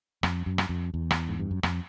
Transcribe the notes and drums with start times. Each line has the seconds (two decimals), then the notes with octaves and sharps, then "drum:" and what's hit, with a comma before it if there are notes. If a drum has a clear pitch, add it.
0.23 F2, drum: rim click
0.46 F#2
0.58 drum: rim click
0.69 F2
0.94 E2
1.11 drum: rim click
1.29 G#2
1.39 G2
1.51 F#2
1.63 F2, drum: rim click